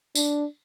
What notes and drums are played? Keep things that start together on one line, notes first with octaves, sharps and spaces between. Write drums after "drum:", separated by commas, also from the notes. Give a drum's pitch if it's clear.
D4, drum: tambourine